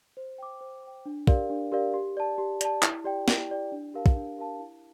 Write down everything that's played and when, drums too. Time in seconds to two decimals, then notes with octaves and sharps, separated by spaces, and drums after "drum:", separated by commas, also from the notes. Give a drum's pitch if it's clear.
0.17 C5
0.38 G5 D6
0.61 C5
0.83 G5 D6
1.06 D4
1.27 G4 A#4 D5 F5, drum: kick
1.50 D4
1.72 G4 A#4 D5 F5
1.94 G4
2.17 D5 A5
2.38 G4
2.61 D5 A5, drum: hi-hat
2.83 E4, drum: clap
3.04 G4 D5 G5
3.28 E4, drum: snare
3.50 G4 D5 G5
3.72 D4
3.94 G4 A#4 F5 A5
4.06 drum: kick
4.16 D4
4.38 G4 A#4 F5 A5
4.60 E4